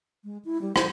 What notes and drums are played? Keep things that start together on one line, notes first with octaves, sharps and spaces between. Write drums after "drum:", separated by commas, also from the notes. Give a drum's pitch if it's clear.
G#3
E4
G3
C5, drum: rim click